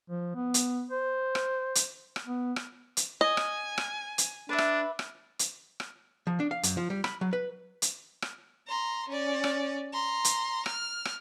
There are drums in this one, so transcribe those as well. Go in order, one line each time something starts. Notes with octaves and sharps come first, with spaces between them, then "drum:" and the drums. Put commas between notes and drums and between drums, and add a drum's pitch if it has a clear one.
F3
B3
drum: hi-hat
C5
drum: rim click
drum: hi-hat
drum: rim click
B3
drum: rim click
drum: hi-hat
D#5 G#5
drum: rim click
drum: rim click
drum: hi-hat
D4 B4 E5
drum: rim click
drum: rim click
drum: hi-hat
drum: rim click
F3
D4
F5
F#2, drum: hi-hat
F3
G3
B5, drum: rim click
F#3
B4
drum: hi-hat
drum: rim click
A#5 C6
C#4 D5
drum: rim click
A#5 C6
drum: hi-hat
F6, drum: rim click
drum: rim click